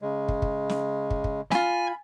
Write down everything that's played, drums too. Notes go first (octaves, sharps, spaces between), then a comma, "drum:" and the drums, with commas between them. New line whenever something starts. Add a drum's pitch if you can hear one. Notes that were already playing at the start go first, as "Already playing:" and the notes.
C#3 G#3
drum: kick
drum: kick
drum: snare
drum: kick
drum: kick
E4 F4 G#5 B5, drum: snare